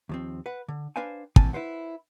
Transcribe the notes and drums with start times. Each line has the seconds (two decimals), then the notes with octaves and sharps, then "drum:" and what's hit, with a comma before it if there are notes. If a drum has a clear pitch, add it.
0.09 D#2 F3 C4
0.46 B4 F#5
0.68 D3
0.96 D4 B4 C5 F5 G5 G#5
1.36 A2 A#3 C4 G#5 A5, drum: kick
1.53 E4 B4 C5 F#5